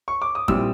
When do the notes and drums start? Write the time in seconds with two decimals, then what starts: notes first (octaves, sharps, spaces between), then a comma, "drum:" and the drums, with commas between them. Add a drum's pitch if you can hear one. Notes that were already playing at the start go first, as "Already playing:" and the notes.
0.08 C#6
0.22 D6
0.35 D#6
0.48 A#2 G3 C4 E4 E6, drum: kick